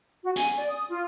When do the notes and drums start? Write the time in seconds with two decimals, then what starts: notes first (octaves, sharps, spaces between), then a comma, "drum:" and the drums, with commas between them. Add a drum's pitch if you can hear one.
0.22 F#4
0.36 G#5, drum: hi-hat
0.56 D5
0.69 D#6
0.90 F4